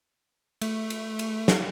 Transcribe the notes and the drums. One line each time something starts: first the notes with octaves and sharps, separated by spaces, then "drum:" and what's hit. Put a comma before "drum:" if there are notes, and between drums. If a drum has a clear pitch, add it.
A3, drum: cymbal
drum: cymbal
drum: cymbal
drum: snare